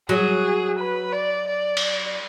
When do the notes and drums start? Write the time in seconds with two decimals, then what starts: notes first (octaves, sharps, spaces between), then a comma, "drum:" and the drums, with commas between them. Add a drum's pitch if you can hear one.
0.09 F#3 G#4
0.79 B4
1.13 D5
1.48 D5
1.77 drum: cymbal